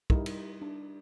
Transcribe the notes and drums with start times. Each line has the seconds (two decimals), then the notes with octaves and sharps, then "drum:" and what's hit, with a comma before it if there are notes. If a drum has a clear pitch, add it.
0.10 G3 D#4 E4 A#4, drum: kick
0.26 drum: cymbal
0.62 D4